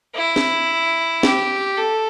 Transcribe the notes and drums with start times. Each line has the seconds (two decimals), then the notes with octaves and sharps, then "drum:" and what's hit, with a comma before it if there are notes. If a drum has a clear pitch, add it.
0.15 E4
0.36 drum: snare
1.23 G4, drum: snare
1.77 A4